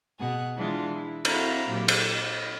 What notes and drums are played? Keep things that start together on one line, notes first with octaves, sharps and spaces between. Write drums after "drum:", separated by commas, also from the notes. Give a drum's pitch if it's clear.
B2 G#4 F#5
E3 G#3 D4 F4
E4
C4 E4 F#4 F5 A#5 B5, drum: cymbal
A#2 F#3 G4
drum: cymbal
D#5